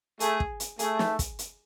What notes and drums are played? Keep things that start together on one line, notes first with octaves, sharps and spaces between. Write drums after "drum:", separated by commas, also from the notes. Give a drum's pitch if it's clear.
A3 G#4, drum: hi-hat
drum: kick
drum: hi-hat
A3 G#4, drum: hi-hat
drum: snare
drum: kick, hi-hat
drum: hi-hat